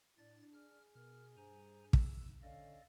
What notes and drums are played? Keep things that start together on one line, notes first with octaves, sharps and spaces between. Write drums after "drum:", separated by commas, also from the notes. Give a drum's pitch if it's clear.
A2 D4 D5 A6
G#4 F6
B2 A#4 F6
G2 C5 G#5 A#5
G#2 E6, drum: kick
D3 C#4 A4 D5 D#5 F5